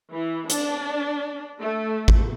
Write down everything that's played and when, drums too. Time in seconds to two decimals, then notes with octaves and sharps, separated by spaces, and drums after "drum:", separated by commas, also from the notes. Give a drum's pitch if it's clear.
0.12 E3
0.50 D4, drum: hi-hat
1.59 A3
2.08 drum: kick G#1